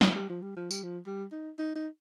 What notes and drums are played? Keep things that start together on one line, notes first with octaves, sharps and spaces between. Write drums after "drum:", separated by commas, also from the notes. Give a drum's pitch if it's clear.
F3, drum: snare
G3
F3
G3
F3
G3, drum: tambourine
F3
G3
D#4
D#4
D#4